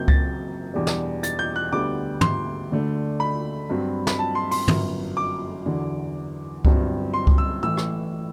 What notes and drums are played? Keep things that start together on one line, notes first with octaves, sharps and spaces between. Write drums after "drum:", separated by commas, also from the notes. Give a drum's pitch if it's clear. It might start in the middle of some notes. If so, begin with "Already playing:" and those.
Already playing: F#1 F#2 F#3 C4 G6
A6, drum: kick C#2
E2 B2 G3 D4
drum: snare
A6, drum: hi-hat
G6
F#6
D2 D3 G3 B3 D6
C6, drum: tom
D2 D3 A3 D4
B5
G2 F#3 C4
B5, drum: snare
A5
C6
C6, drum: open hi-hat
G1 F#2 F#3, drum: tom
D6
E2 D3 F#3
G1 G2 F#3 C4, drum: kick C#2
C6
drum: kick C#2
E6
A1 A2 E3 E6
drum: rim click